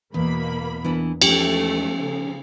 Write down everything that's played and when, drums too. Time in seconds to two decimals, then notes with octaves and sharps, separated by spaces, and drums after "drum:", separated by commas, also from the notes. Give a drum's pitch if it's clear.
0.14 E2 B2 A#3 B5
0.84 E3 B3 D4
1.22 F3 G#3 A3 C#4 G4, drum: cymbal
2.03 C#3